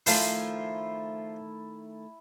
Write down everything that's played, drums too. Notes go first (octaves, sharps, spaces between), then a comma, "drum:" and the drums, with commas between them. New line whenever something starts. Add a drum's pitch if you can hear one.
D#3 F3 A3 E4 F4 C5 A5, drum: open hi-hat